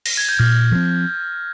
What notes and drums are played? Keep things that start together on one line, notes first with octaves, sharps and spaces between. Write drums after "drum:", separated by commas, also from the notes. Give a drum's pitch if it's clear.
A#6, drum: cymbal
G#6
G6
A#2 F6
F3 C4